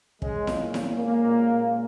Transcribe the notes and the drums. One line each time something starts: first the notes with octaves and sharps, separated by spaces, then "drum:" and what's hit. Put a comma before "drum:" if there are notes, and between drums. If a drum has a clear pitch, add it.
G#3 C#4, drum: kick
A#2, drum: snare E4
C#4, drum: snare E4
G#3 A#3
A#2
A#2